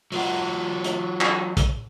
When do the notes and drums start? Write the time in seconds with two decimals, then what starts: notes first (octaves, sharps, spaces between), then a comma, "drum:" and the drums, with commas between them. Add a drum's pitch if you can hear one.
0.12 F#3 F4 F#5, drum: open hi-hat
0.84 drum: hi-hat
1.21 drum: clap
1.57 drum: kick, hi-hat